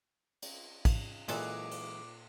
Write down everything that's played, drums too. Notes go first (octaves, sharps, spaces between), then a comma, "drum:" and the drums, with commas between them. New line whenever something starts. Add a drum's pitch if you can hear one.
drum: cymbal
drum: kick, cymbal
A#2 E3 F#3 G#3 A4 A5 D6, drum: cymbal
drum: cymbal